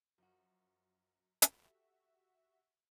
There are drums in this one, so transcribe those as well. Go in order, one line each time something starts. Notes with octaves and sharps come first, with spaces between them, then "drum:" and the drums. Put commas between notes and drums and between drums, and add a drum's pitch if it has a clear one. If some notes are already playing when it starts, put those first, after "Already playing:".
F#2 F3 F#4
F#4 G4 A4 E5, drum: hi-hat